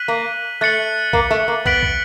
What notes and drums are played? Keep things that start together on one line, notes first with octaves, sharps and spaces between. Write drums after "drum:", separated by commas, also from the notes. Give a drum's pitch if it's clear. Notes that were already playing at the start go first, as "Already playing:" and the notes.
Already playing: F#6 B6 D#7 F#7
A#3
A3 F#6 A6 C#7 F#7
A#3, drum: kick
A3
A#3
B3 F#6 B6 D7 F#7, drum: kick
drum: kick